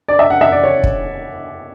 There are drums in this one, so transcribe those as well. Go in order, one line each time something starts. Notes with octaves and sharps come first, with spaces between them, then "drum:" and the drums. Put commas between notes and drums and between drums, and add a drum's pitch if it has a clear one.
D5
E5
F#5
E5
D5
C#5
drum: kick